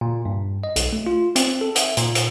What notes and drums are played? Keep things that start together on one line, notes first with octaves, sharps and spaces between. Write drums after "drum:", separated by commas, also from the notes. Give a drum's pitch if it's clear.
A#2
G2
D#5
B1, drum: hi-hat
A3
F4
C4, drum: hi-hat
A4
E5, drum: hi-hat
A#2, drum: hi-hat
drum: hi-hat